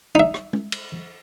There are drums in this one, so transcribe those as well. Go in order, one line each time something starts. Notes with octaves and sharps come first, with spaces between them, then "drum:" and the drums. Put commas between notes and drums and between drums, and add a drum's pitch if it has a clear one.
D#4 E5
drum: rim click
drum: tom
drum: cymbal